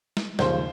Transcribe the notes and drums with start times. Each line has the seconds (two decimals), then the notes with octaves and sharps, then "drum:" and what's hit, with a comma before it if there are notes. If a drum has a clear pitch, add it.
0.17 drum: snare
0.39 D#2 C#3 F3 C5, drum: snare